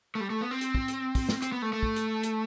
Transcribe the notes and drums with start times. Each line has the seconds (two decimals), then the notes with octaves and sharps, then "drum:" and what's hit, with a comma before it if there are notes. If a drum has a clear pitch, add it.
0.15 A3
0.20 G3
0.30 A3
0.41 B3
0.51 C4
0.61 drum: hi-hat
0.75 drum: kick
0.88 drum: hi-hat
1.15 drum: kick, open hi-hat
1.29 drum: snare
1.42 C4, drum: hi-hat
1.52 B3
1.62 A3
1.73 A3
1.83 drum: kick
1.96 drum: hi-hat
2.23 drum: hi-hat